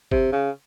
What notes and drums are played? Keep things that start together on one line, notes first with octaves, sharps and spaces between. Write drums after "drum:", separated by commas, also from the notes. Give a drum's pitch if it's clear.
C3, drum: kick G1
C#3